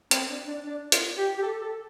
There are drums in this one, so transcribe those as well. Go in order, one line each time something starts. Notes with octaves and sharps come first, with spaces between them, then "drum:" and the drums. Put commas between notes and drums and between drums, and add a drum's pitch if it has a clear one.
C4, drum: hi-hat
D4
D4
D4
F4, drum: hi-hat
G4
G4
A4
A4